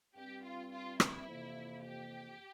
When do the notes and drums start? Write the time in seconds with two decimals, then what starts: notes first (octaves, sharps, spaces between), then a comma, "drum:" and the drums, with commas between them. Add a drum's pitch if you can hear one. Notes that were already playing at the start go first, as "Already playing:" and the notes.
0.15 G2 G3 C4 G4
0.44 F4
0.71 F4
1.00 E4, drum: rim click
1.28 F2 C3 E3 A#3
1.85 G4